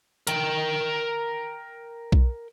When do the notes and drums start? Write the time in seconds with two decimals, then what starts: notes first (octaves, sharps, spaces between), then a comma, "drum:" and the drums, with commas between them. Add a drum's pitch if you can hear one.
0.27 A#4 G5, drum: hi-hat
2.12 drum: kick B1